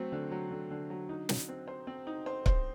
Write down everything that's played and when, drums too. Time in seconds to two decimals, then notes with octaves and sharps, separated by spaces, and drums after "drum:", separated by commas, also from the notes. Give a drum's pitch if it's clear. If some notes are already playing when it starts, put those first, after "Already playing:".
Already playing: F#3 A3 C4
0.12 D3
0.31 F#3
0.51 D3
0.70 D3
0.90 F#3
1.09 D#4
1.29 D#4, drum: snare
1.49 C4
1.68 C5
1.87 C4
2.07 D#4
2.26 C5
2.46 C5, drum: kick C#1